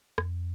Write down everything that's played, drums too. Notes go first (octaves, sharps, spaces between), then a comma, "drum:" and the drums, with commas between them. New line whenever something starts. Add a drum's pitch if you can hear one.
F2, drum: rim click